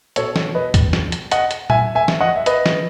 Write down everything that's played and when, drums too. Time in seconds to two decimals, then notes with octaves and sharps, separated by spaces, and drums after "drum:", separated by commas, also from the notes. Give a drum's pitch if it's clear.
0.16 B2 A4 C#5, drum: hi-hat
0.36 drum: snare
0.55 B4 D#5
0.74 drum: kick, hi-hat
0.93 drum: snare
1.12 drum: hi-hat
1.31 D#5 F#5, drum: hi-hat
1.51 drum: hi-hat
1.70 E5 G#5, drum: tom A#2
1.95 E5 G#5
2.08 drum: snare
2.21 D#5 F#5
2.36 E5
2.46 B4 D#5, drum: hi-hat
2.66 drum: snare